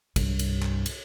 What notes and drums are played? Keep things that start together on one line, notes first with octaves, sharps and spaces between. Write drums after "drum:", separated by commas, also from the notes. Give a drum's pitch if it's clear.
C2 G2, drum: kick, cymbal
drum: cymbal
drum: clap
drum: cymbal